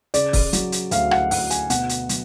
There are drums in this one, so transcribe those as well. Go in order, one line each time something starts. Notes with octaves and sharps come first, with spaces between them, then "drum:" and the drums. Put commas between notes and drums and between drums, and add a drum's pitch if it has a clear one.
C#3 D5, drum: hi-hat
drum: kick, open hi-hat
F#3, drum: hi-hat
drum: hi-hat
D2 F5, drum: hi-hat
F#5, drum: rim click
D2 F#5, drum: open hi-hat
G#5, drum: hi-hat
B2 F#5, drum: hi-hat
drum: hi-hat
F#3, drum: hi-hat